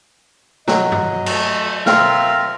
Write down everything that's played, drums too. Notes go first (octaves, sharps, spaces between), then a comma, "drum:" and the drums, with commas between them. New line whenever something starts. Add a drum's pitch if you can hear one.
F#3 D#5, drum: snare
drum: tom G2
A3, drum: cymbal
C4 F4 A#4 E5 F5, drum: snare